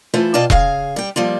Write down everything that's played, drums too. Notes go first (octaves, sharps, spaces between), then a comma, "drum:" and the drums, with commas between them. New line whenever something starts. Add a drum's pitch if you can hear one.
E3 A3 F4 B4 C5
B2 F4 D5 G5 A5
C#3 G#4 F5, drum: kick E1
G3 G5
F3 G3 A#3 F4